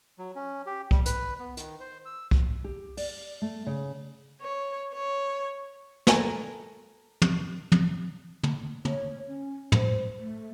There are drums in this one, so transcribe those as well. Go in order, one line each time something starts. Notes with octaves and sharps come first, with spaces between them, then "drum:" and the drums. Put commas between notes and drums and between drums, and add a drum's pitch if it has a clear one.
F#3
C#4
G4
G3, drum: kick C2
B4, drum: hi-hat
B3
D#3, drum: hi-hat
C5
E6
drum: kick C2
G4
D5, drum: open hi-hat
A3
C#3
C#5
C#5
A4 A#4 G#5 A#5, drum: snare
drum: tom
drum: tom
drum: tom
C#5, drum: tom
C#4
C5, drum: tom
A3